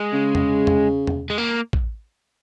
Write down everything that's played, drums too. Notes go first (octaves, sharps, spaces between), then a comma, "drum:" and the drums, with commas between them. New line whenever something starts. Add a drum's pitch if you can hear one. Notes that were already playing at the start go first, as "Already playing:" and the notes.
Already playing: G#3
C#3
drum: tom E2
drum: tom E2
drum: tom E2
G#3
A#3
drum: kick